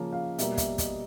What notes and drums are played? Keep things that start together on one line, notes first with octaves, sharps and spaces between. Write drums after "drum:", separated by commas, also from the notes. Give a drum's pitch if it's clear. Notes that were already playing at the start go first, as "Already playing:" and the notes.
Already playing: C#3 F3 A#3 C#4
F5
B2 G3 A#3 E5, drum: hi-hat
E5, drum: kick, hi-hat
D#5, drum: kick, hi-hat